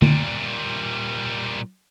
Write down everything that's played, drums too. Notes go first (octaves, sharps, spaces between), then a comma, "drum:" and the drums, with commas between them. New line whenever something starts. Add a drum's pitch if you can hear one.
A#2 G3, drum: tom D3